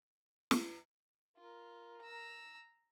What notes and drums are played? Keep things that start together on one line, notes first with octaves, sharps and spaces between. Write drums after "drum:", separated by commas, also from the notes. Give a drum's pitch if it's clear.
drum: snare
F4 A#4
A#5 E6